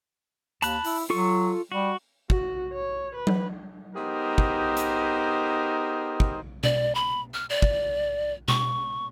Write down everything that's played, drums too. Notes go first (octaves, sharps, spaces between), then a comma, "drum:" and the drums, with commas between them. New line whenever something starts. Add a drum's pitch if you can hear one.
D#2 A5 B5 F#6, drum: hi-hat
E4, drum: open hi-hat
F#3 F4 A4 C#6
G3 F#4
F#4, drum: kick
C#5
B4
drum: tom F#3
B3 D#4 G4 G#4 A#4 C5
drum: kick
drum: hi-hat
drum: kick
D5, drum: tom B2
B5
F6
D5
drum: kick
C#6, drum: tom B2